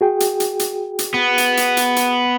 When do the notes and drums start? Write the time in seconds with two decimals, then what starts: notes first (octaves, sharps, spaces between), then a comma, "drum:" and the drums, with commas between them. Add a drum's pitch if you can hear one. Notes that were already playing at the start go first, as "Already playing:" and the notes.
0.01 F#4 G#4 G5
0.20 drum: hi-hat
0.40 drum: hi-hat
0.59 drum: hi-hat
0.99 drum: hi-hat
1.14 B3
1.38 drum: hi-hat
1.57 drum: hi-hat
1.77 drum: hi-hat
1.96 drum: hi-hat